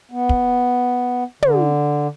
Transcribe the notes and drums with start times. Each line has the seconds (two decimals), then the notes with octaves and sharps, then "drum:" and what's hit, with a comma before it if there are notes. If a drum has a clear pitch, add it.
0.12 B3
0.29 drum: kick
1.42 D3, drum: tom